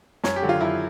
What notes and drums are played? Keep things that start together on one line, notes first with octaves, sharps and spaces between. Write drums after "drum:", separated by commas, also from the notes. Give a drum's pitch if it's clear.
F#2 C#5, drum: snare
G4
D3 F#3
F4
F#2 E4